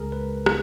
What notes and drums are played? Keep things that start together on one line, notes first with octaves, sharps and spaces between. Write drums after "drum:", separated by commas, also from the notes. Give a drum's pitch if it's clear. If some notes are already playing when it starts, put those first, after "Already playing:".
Already playing: C#2 C#3 G#3 G#4 A#4
B4
B3, drum: rim click